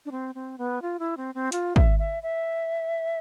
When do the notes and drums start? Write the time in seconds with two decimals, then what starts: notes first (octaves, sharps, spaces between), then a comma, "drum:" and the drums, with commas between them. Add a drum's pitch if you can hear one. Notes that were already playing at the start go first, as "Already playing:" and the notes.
0.05 D4
0.11 C4
0.35 C4
0.58 B3
0.82 F4
0.99 E4
1.17 C4
1.35 C4
1.52 F4, drum: hi-hat
1.76 E5, drum: kick
1.99 E5
2.23 E5